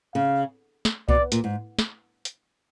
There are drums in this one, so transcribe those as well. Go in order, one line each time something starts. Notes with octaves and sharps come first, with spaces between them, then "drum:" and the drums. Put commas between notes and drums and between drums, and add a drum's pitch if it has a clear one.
C#3 F5
drum: snare
B2 D5, drum: kick C2
A#2, drum: hi-hat
G#2
drum: snare
drum: hi-hat